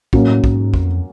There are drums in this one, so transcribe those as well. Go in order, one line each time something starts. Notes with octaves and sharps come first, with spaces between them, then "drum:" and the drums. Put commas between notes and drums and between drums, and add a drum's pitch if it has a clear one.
A2 F#3 A#3 C#4, drum: kick
G#2, drum: kick
F2, drum: kick